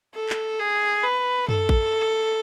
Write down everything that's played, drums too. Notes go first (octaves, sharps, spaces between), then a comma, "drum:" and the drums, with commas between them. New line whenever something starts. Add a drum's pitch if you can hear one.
A4
drum: clap
G#4
B4
A4, drum: tom F#2
drum: kick A1